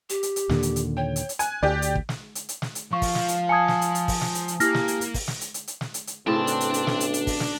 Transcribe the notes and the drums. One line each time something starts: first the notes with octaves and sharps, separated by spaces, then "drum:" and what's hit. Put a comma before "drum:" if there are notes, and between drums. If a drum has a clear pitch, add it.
G4, drum: hi-hat
drum: hi-hat
drum: hi-hat
D#2 A#2 D3, drum: snare
drum: hi-hat
drum: hi-hat
C#5 G5
drum: hi-hat
drum: hi-hat
G#5 F#6, drum: hi-hat
D2 G4 D5
drum: hi-hat
drum: kick
drum: snare
drum: hi-hat
drum: hi-hat
drum: snare
drum: hi-hat
F3 F5 C#6
drum: kick, open hi-hat
drum: snare
drum: hi-hat
G#5 A5 D#6 G#6 C#7
drum: snare
drum: hi-hat
drum: hi-hat
drum: kick, open hi-hat
drum: snare
drum: hi-hat
drum: hi-hat
A#3 E4 G4 F6 A#6, drum: hi-hat
drum: snare
drum: hi-hat
drum: hi-hat
drum: kick, open hi-hat
drum: snare
drum: hi-hat
drum: hi-hat
drum: hi-hat
drum: snare
drum: hi-hat
drum: hi-hat
B1 A2 C#3 C4 D4 A5
drum: hi-hat
drum: hi-hat
drum: hi-hat
drum: snare
drum: hi-hat
drum: hi-hat
drum: kick, open hi-hat
drum: snare